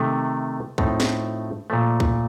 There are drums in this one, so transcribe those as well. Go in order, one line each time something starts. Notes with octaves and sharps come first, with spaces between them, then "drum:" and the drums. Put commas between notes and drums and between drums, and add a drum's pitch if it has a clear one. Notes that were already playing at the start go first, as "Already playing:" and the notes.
Already playing: C3 D#3 A3
A2 F3 A3 C4 D#4, drum: kick
drum: snare
A#2 F3 A3
drum: kick